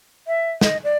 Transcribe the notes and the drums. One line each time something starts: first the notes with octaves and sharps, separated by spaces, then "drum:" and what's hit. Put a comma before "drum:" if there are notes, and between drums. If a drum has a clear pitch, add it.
E5
D#5, drum: snare
D5